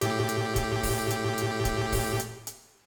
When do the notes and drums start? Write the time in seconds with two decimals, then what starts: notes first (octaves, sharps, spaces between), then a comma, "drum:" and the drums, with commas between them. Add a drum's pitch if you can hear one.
0.01 A2 G4, drum: hi-hat
0.29 drum: hi-hat
0.56 drum: kick C#1, hi-hat
0.83 drum: kick C#1, open hi-hat
1.10 drum: hi-hat
1.38 drum: hi-hat
1.65 drum: kick C#1, hi-hat
1.92 drum: kick C#1, open hi-hat
2.20 drum: hi-hat
2.47 drum: hi-hat